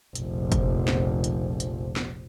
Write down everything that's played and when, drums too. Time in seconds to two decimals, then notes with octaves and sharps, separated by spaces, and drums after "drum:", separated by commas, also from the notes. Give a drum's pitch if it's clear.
0.15 F1 A#1, drum: hi-hat
0.52 drum: kick F#1, hi-hat
0.88 drum: snare
1.24 drum: hi-hat
1.60 drum: hi-hat
1.96 drum: snare